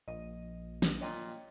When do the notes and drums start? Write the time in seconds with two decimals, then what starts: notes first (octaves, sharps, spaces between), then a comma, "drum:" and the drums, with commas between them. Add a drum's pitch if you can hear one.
0.08 A#1 D#5
0.82 drum: snare
1.01 A#2 C#5 D#5 G5